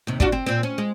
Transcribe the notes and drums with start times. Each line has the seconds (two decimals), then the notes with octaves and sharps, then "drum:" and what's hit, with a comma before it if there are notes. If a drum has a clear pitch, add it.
0.07 D#2 C3
0.20 D4 F4 F#4, drum: kick
0.32 C4
0.46 A#2 C4
0.63 C#4
0.78 G#3